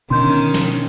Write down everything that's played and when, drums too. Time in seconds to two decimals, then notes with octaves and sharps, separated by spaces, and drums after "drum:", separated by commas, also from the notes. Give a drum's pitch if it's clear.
0.10 B2 D3 D#3 C#4 C6 G6
0.54 drum: snare